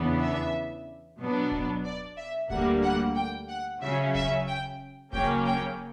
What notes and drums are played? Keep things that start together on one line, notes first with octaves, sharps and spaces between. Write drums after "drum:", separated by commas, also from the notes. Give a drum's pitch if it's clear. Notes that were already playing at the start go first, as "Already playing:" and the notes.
Already playing: E2 C#3 E3 B3 D4
E5
B2 F#3 B3 D4
drum: kick D1
D5
E5
D2 D3 G3 A#3 F#5, drum: kick D1
F#5
G5
F#5
C#3 F#3 C#4 E5
E5, drum: kick D1
G5
C#3 F#3 A#3 C#4 G5, drum: kick D1
G5